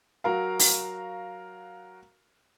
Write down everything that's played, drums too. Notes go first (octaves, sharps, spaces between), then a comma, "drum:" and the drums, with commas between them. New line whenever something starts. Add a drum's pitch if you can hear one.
F#3 F#4 A#4 F5
drum: open hi-hat